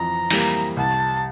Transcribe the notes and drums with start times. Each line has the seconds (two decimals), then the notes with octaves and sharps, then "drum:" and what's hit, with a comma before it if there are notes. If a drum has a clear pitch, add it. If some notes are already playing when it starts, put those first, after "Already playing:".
Already playing: F2 E3 A#5
0.31 E3 G3 A#3, drum: open hi-hat
0.77 C2 A5